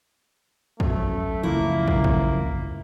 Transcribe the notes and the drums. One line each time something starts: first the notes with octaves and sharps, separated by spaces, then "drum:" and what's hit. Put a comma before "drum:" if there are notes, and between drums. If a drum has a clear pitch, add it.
F#2 A3, drum: kick
C#2 F3 A#3 E4
drum: kick
drum: kick